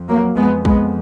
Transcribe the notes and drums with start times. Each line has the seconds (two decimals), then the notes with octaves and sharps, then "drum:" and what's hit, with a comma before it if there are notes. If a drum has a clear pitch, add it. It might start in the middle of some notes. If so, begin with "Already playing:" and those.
Already playing: F2
0.09 F#3 A#3
0.36 F2 G#3 B3
0.65 G#3 B3, drum: kick